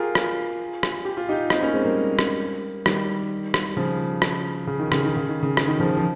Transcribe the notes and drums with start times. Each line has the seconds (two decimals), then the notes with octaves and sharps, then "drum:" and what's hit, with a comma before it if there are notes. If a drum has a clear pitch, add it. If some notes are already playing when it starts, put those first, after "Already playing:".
Already playing: F4 G4 G#4 A#4
0.15 drum: rim click
0.83 drum: rim click
1.05 G4
1.17 F4
1.29 D#4 G4
1.50 C4 D#4, drum: rim click
1.62 A#3 C#4
1.74 G#3 C4
1.84 G3 A#3
2.19 drum: rim click
2.86 D#3 G3, drum: rim click
3.54 drum: rim click
3.77 C#3 F3
4.22 drum: rim click
4.67 C#3
4.80 D#3
4.92 C#3, drum: rim click
5.05 D#3
5.17 C#3
5.29 D#3
5.42 C#3
5.57 drum: rim click
5.68 D#3
5.80 C#3 F3
5.97 F3